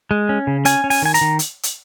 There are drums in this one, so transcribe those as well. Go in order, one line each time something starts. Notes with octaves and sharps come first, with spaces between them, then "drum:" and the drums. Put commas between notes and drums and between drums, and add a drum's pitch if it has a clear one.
G#3
C#4
C#3
C#4 G#5, drum: hi-hat
C#4
G#5, drum: open hi-hat
D#3 G#5
A#5, drum: hi-hat
D#3
drum: hi-hat
drum: hi-hat